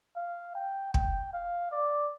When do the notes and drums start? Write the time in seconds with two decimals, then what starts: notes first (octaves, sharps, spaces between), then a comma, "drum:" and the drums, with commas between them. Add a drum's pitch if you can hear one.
0.16 F5
0.55 G5
0.94 G5, drum: kick
1.33 F5
1.72 D5